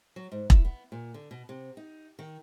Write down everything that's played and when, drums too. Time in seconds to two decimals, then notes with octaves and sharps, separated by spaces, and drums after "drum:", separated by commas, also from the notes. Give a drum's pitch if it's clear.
0.16 F#3
0.32 G#2
0.50 E4, drum: kick E1
0.65 B3
0.92 A#2
1.14 D3
1.31 B2
1.49 C3
1.77 D#4
2.19 D#3